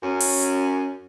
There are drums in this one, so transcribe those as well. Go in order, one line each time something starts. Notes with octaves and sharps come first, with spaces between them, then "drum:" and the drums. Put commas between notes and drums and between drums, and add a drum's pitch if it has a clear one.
F#2 C#4
drum: open hi-hat